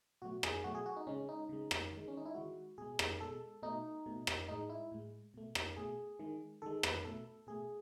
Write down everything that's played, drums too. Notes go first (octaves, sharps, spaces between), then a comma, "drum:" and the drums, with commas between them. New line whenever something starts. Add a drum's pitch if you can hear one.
B2 F#3 A3 F#4
G#4, drum: rim click
B2 F#3 A3 F#4
G#4
F#4
D#4
C#3 G#3 C#4
D#4
C#3 G#3
drum: rim click
D#3 G#3
C#4
D#4
E4
D#3 G#3 F#4
B2 G#3 G#4
drum: rim click
B2 G#3 A4
B2 A3 D#4
B2 A3
drum: rim click
A2 G#3 D#4
E4
A2 G#3
B2 A3
drum: rim click
B2 A3 G#4
D#3 G#3
D#3 G#3 A4
B4, drum: rim click
B2 A3 A4
B2 A3 G#4